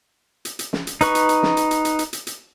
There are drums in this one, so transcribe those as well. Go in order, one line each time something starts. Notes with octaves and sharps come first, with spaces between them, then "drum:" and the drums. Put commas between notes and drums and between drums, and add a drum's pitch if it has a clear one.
drum: hi-hat
drum: hi-hat
drum: snare
drum: hi-hat
D#4 B4 C#6, drum: hi-hat
drum: hi-hat
drum: hi-hat
drum: snare
drum: hi-hat
drum: hi-hat
drum: hi-hat
drum: hi-hat
drum: hi-hat
drum: hi-hat